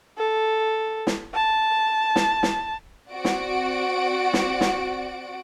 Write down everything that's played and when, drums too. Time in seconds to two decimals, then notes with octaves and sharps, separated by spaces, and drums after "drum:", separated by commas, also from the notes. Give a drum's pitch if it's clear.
0.18 A4
1.07 drum: snare
1.34 A5
2.16 drum: snare
2.43 drum: snare
3.11 C4 F#4 D5 F#5 D7
3.25 drum: snare
4.33 drum: snare
4.61 drum: snare